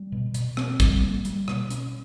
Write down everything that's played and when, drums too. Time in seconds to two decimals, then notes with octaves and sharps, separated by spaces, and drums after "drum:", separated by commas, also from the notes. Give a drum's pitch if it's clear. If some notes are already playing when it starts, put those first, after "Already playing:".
Already playing: G3
0.12 B2
0.34 B2, drum: hi-hat
0.57 C4, drum: rim click
0.80 G3, drum: kick, hi-hat
1.03 A#3
1.25 G3, drum: hi-hat
1.48 B2, drum: rim click
1.70 C#4, drum: hi-hat